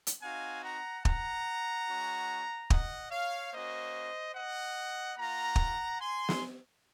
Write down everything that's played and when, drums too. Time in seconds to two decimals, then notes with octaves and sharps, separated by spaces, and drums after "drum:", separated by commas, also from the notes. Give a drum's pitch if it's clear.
0.07 drum: hi-hat
0.22 C4 D#4 F#4 F5 G#5
0.64 F#5 A#5
1.05 F#5 A#5, drum: kick
1.88 G#3 C#4 F#4
2.70 D#5 F#5, drum: kick
3.11 C#5 F5
3.53 A#3 C#4 F#4 C5 D#5
4.35 D#5 F#5
5.18 A#3 F4 F#5 A#5
5.56 drum: kick
6.00 G#5 C6
6.29 drum: snare